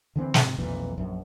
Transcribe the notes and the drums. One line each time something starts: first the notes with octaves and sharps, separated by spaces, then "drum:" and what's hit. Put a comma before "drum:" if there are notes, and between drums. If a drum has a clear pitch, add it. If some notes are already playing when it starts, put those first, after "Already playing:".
D3 E3 B3 C4
G#2 C3, drum: snare
B1 F2 A#2 E3
A#1 F#2